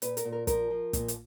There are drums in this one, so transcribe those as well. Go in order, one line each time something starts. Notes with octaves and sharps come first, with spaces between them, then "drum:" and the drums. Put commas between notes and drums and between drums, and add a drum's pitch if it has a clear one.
A#2 B4, drum: hi-hat
A#4, drum: hi-hat
A#2
A#4
F3 A#4, drum: kick, hi-hat
F3
A#2, drum: kick, hi-hat
drum: hi-hat